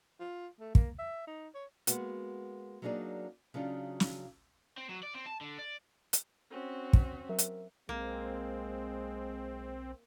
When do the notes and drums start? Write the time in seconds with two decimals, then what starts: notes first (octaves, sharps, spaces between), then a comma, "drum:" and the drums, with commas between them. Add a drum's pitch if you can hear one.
0.20 F4
0.60 A3
0.75 A#3, drum: kick
0.99 E5
1.27 D#4
1.54 C#5
1.87 G#3 A#3 B3 F#4, drum: hi-hat
2.82 F#3 A#3 D4 D#4 G#4 D5
3.54 C#3 F#3 D4 D#4 F4
4.00 drum: snare
4.77 C4
4.89 F#3
5.03 D5
5.15 C4
5.26 A5
5.41 D3
5.59 D5
6.13 drum: hi-hat
6.50 C4 C#4 F#4
6.93 drum: kick
7.29 F#3 A#4 E5
7.39 drum: hi-hat
7.89 B1 G#3 A#3 C4